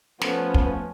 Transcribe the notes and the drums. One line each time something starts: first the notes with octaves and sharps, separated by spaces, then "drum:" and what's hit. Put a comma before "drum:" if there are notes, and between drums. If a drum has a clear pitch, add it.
F3 A3 B3 C#4, drum: snare
drum: kick